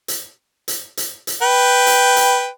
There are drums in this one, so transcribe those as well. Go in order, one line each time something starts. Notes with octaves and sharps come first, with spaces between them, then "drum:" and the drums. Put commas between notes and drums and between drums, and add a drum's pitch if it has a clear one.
drum: hi-hat
drum: hi-hat
drum: hi-hat
drum: hi-hat
B4 G5
drum: hi-hat
drum: hi-hat